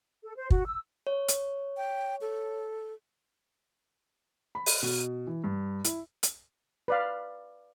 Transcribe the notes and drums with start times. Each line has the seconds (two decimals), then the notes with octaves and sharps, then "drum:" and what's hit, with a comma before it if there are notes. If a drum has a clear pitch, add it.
0.22 A4
0.36 C5
0.50 F#4, drum: kick
0.66 E6
1.07 C#5
1.28 drum: hi-hat
1.77 G5
2.21 A4
4.55 B5
4.66 drum: open hi-hat
4.83 B2
5.27 E3
5.44 G2
5.84 E4, drum: hi-hat
6.23 drum: hi-hat
6.88 B4 D5 F5